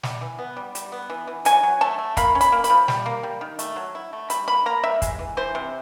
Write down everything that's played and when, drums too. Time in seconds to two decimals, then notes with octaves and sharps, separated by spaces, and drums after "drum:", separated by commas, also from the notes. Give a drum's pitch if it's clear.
0.03 G3, drum: snare
0.21 E3
0.39 B3
0.57 G3
0.75 G3, drum: hi-hat
0.92 B3
1.10 E3
1.27 E3
1.45 F#3 G#5, drum: hi-hat
1.63 F#3
1.81 A3 A5
1.98 A3
2.17 A#3 B5, drum: kick, hi-hat
2.35 C#4
2.41 B5, drum: hi-hat
2.52 A#3
2.64 B5, drum: hi-hat
2.70 F3
2.88 G3, drum: snare
3.06 A#3
3.23 G3
3.41 D#3
3.59 A3, drum: hi-hat
3.76 F#3
3.95 E4
4.13 A3
4.30 G3 B5, drum: hi-hat
4.48 A#3 B5
4.66 A#3 A#5
4.83 G3 E5
5.02 G#3, drum: kick, hi-hat
5.19 E3
5.37 E3 C5
5.55 C3